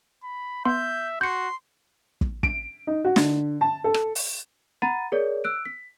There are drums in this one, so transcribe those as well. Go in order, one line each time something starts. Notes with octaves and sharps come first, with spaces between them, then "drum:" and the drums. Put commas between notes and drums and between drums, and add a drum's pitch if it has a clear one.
B5
B3 E5 C6 G6
F#4 C6 G6 C#7
drum: kick
D7, drum: kick
D#4
F#4
D3, drum: snare
A5
A4
drum: rim click
drum: open hi-hat
F#5 A#5 B5 A6 D#7
G#4 A#4 C#5 D5
E6 F#6 D7
B6